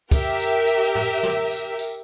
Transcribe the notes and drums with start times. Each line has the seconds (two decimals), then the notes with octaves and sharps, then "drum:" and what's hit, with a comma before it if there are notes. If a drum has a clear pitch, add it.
0.11 G4 A#4 E5, drum: kick, tambourine
0.40 drum: tambourine
0.67 drum: tambourine
0.95 drum: tom
1.23 drum: snare
1.51 drum: tambourine
1.79 drum: tambourine